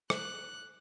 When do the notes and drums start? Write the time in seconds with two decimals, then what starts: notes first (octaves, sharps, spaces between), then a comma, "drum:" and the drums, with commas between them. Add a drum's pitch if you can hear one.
0.10 F#6, drum: rim click